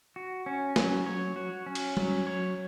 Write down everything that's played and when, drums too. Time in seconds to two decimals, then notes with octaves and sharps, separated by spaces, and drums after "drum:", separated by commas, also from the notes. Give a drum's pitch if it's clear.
0.16 F#4
0.46 C#4
0.76 F#3, drum: snare
1.06 C#5
1.36 F#4
1.66 C#4
1.75 drum: cymbal
1.97 F#3, drum: tom G3
2.27 C#5